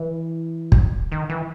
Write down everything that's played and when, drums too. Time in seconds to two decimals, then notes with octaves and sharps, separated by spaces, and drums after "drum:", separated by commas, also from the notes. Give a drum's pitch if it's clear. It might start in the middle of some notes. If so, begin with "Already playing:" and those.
Already playing: E3
0.72 drum: kick
1.12 D#3
1.29 E3